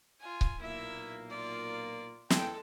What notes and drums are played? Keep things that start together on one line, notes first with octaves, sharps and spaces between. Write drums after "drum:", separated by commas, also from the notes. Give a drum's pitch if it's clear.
F4 G#5
drum: kick C#1
B1 A#2 A#3 E4 E5
F4 D5
E2 G#3 A4 G5, drum: snare